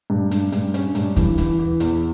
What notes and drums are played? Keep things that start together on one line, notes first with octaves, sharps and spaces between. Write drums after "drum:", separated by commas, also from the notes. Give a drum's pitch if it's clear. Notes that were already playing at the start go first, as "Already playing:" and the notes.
G2
G2, drum: hi-hat
G2, drum: hi-hat
C#4, drum: hi-hat
G2, drum: hi-hat
E3, drum: kick D#2, hi-hat
E3, drum: hi-hat
E3
E2, drum: hi-hat